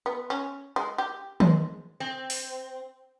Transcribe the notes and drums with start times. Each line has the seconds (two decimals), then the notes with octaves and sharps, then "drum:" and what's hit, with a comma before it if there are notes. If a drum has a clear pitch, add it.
0.06 B3
0.30 C#4
0.76 G#3
0.98 G4
1.40 G#3, drum: tom D#3
2.00 C4
2.30 drum: open hi-hat